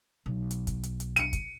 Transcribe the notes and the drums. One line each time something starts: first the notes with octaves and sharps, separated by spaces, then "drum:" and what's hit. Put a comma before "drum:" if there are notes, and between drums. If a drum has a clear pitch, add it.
B1
drum: hi-hat
drum: kick, hi-hat
drum: hi-hat
drum: hi-hat
C#7 D#7, drum: hi-hat
drum: kick, hi-hat